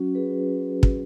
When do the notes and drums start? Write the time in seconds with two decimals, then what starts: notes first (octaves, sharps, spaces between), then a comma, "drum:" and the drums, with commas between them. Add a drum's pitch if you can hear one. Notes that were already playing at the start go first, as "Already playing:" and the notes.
Already playing: F#3 C#4 F#4
0.15 G#4 B4
0.83 drum: kick